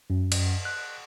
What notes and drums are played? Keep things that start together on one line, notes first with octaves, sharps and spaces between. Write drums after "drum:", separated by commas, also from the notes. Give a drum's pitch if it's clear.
F#2
drum: cymbal
F#6